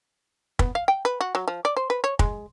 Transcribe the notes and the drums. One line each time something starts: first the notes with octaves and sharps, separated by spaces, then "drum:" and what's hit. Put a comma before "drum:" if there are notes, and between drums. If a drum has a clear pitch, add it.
B3, drum: kick
F5
G5
B4
F#4
F#3
F3
D5
C5
B4
C#5
G#3, drum: kick